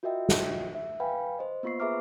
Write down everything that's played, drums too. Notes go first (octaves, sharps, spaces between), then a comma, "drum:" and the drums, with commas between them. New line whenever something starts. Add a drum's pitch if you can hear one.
F4 F#4 A#4 D#5 E5 G5
drum: snare
E5
B4 F5 G5 G#5 B5
C5 D#5
A#3 B3 F4 C5 C#6 C7
G#4 B4 E5 A#5 D6 F6